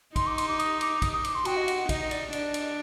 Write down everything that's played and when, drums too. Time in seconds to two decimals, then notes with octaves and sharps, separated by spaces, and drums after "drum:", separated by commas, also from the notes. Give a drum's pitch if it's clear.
0.16 D#4 C6, drum: kick, cymbal
0.27 D6
0.38 C6, drum: cymbal
0.48 D6
0.59 D#6, drum: cymbal
0.81 D6, drum: cymbal
1.02 D#6, drum: kick, cymbal
1.13 D#6
1.25 D6, drum: cymbal
1.35 C6
1.45 F#4 G5, drum: cymbal
1.57 D#5
1.68 F#5, drum: cymbal
1.89 D#4 D#5, drum: kick, cymbal
2.11 D5, drum: cymbal
2.33 D4 D#5, drum: cymbal
2.54 drum: cymbal